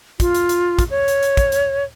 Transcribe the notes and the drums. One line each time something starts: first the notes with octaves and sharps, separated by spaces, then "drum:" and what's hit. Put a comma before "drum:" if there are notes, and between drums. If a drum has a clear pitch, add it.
F4, drum: kick, hi-hat
drum: hi-hat
drum: hi-hat
drum: kick, hi-hat
C#5
drum: hi-hat
drum: hi-hat
drum: kick, hi-hat
drum: hi-hat